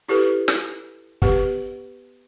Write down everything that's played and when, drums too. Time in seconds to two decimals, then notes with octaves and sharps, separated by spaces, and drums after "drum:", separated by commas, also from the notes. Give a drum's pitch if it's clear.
0.08 E4 G4 A4 B4
0.48 drum: snare
1.22 B3 G4 B4, drum: kick